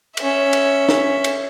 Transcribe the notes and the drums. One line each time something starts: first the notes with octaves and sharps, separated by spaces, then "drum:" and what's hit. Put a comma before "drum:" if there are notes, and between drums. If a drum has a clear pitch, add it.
C#4 E5, drum: cymbal
drum: cymbal
drum: snare
drum: cymbal